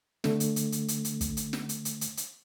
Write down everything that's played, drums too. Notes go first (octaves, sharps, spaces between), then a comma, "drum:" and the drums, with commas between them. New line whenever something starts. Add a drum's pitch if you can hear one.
D3 A3, drum: snare
drum: hi-hat
drum: hi-hat
drum: hi-hat
drum: hi-hat
drum: hi-hat
drum: kick, hi-hat
drum: hi-hat
drum: snare
drum: hi-hat
drum: hi-hat
drum: hi-hat
drum: hi-hat